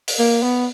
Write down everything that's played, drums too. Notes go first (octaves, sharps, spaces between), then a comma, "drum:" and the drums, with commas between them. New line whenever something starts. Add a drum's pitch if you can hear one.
drum: open hi-hat
A#3
B3